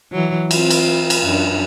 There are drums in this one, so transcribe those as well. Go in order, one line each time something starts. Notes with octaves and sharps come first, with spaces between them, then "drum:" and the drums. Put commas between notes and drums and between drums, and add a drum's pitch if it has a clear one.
E3 F#3
C4 F4, drum: cymbal
drum: cymbal
drum: cymbal
F#2 D4